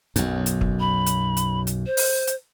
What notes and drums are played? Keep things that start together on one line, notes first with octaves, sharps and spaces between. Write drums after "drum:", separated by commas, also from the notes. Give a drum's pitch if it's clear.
B1 F#2, drum: hi-hat
drum: hi-hat
drum: kick
B5
drum: hi-hat
drum: hi-hat
drum: hi-hat
C5
drum: open hi-hat
drum: hi-hat